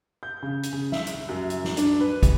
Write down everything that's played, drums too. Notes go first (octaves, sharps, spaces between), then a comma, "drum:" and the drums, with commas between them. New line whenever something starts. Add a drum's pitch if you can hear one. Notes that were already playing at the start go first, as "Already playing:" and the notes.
G6
C#3
drum: hi-hat
C#3
E5, drum: snare
drum: hi-hat
F#2
drum: hi-hat
drum: snare
D4, drum: hi-hat
B4
E3, drum: kick, hi-hat